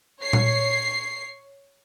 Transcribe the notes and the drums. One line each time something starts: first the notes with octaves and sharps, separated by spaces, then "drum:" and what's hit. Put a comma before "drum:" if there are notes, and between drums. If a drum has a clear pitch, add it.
C#5 C7
drum: tom A#2